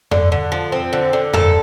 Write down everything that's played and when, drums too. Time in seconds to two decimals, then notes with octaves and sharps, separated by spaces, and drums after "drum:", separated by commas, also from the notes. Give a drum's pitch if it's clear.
0.11 D3, drum: tom F2
0.32 D3
0.52 F3
0.72 C4
0.93 D3
1.13 D3
1.33 A#2 A4, drum: tom F2